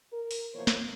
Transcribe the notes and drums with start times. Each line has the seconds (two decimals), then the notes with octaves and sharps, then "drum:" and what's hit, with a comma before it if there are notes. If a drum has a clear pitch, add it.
0.12 A#4
0.31 drum: open hi-hat
0.54 B2 E3 F3 A#3 C5 C#5
0.67 drum: snare